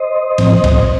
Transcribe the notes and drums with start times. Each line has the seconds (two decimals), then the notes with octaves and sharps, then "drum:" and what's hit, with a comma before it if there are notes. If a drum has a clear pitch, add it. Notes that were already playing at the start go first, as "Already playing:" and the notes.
Already playing: C5 D#5
0.38 A2 F3 C4, drum: cymbal
0.64 drum: kick A#1, cymbal